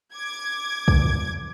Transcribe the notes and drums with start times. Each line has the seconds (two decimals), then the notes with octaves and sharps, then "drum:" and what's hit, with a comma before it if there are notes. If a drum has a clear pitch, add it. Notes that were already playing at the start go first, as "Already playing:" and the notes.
0.14 D6 G#6
0.88 drum: kick